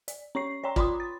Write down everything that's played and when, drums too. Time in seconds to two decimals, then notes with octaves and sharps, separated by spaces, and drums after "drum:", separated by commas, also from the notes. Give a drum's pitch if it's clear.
0.08 D5, drum: hi-hat
0.35 C#4 C#5 C#6 C7
0.64 C#5 D5 G5 A#5 C6
0.76 F4 D5 B5 C6 D6 D#6, drum: kick
1.00 A6